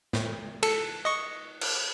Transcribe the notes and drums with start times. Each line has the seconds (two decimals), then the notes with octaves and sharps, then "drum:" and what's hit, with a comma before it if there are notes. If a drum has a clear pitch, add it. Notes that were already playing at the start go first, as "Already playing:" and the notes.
0.13 A2, drum: snare
0.63 A4 C#7, drum: cymbal
1.05 D#5 C#6
1.61 drum: cymbal